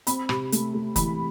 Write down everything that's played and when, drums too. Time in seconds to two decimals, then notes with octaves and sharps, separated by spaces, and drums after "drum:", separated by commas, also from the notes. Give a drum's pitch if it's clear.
0.07 C4 B5, drum: hi-hat
0.29 C3, drum: rim click
0.52 A3, drum: hi-hat
0.74 A3
0.96 E3 B5, drum: kick, hi-hat